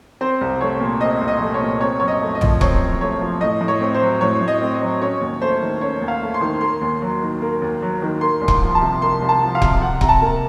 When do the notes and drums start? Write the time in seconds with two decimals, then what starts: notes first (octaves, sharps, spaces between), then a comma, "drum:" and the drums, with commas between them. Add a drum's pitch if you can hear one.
0.21 C4 C5
0.41 C2
0.61 A3 C#5
0.81 A#2
1.01 C4 D#5
1.21 C2
1.28 D#5
1.41 A3
1.54 C#5
1.61 A#2
1.81 C4 C#5
2.00 F#2 C#5
2.08 D#5
2.21 A3
2.35 D#5
2.41 F3, drum: tom A#1
2.61 C4 C#5, drum: kick C#1
2.81 F#2
3.01 A3 C#5
3.21 F3
3.41 A2 D#5
3.61 A2
3.68 C#5
3.81 C4
3.94 C5
4.01 F#3
4.21 A2 C#5
4.41 A2
4.48 D#5
4.61 C4
4.74 D#5
4.81 F#3
5.01 C#4 C#5
5.21 D#2
5.41 A3 C5
5.62 D#3
5.81 C#4 C#5
6.01 D#2
6.08 F5
6.22 A3
6.34 C6
6.41 D#3
6.61 A#3 C6
6.81 D#2
7.02 F#3
7.22 D#3
7.42 A#3
7.62 D#2
7.82 F#3
8.02 D#3
8.21 A#3 C6
8.41 C2
8.48 C6, drum: kick C#1
8.62 F3
8.75 A5
8.81 C3
9.02 A#3 C6
9.22 C2
9.29 A5
9.42 F3
9.55 F5
9.62 C3, drum: kick C#1
9.82 C3 F#5
10.01 C3 A#5, drum: kick C#1
10.09 A5
10.22 A#3